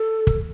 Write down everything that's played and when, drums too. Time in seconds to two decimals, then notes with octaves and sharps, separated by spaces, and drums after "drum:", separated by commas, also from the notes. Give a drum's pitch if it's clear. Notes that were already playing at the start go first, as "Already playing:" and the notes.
Already playing: A4
0.27 drum: kick